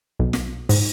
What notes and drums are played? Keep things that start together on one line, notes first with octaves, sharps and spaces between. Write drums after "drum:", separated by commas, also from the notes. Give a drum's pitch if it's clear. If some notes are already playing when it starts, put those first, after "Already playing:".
B1
drum: snare
G#2, drum: open hi-hat